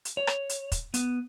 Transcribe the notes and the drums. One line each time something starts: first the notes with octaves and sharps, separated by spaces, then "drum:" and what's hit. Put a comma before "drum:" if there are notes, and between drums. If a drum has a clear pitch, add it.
drum: hi-hat
C#5
drum: rim click
drum: hi-hat
drum: kick, hi-hat
B3, drum: hi-hat